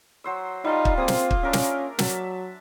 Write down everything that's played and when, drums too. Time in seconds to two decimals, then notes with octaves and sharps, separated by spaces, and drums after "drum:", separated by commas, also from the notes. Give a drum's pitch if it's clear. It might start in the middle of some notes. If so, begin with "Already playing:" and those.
0.24 F#3 C5 E6
0.64 G3 D#4 F4 A5 C6
0.85 drum: kick
0.97 A#3 C4 G#4 D#6
1.08 drum: snare
1.31 drum: kick
1.43 C#4 D4 A#4 E5
1.53 drum: snare
1.99 F#3 E5 A5, drum: snare